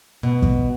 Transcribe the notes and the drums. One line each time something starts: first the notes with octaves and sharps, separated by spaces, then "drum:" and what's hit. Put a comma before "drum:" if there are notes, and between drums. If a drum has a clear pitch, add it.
B2
drum: kick